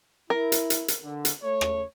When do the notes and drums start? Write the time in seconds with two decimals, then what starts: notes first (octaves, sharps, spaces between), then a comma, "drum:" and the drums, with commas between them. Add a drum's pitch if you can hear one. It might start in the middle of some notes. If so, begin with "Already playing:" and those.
0.30 E4 A#4
0.52 drum: hi-hat
0.70 drum: hi-hat
0.88 drum: hi-hat
1.03 D3
1.25 drum: hi-hat
1.43 A3 C#5
1.61 drum: rim click